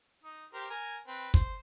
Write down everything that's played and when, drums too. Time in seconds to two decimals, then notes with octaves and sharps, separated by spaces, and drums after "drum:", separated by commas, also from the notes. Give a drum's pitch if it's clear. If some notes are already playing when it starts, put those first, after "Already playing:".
0.24 D#4
0.53 G4 A#4 C5
0.70 A#4 G#5
1.07 C4 B4
1.34 C5, drum: kick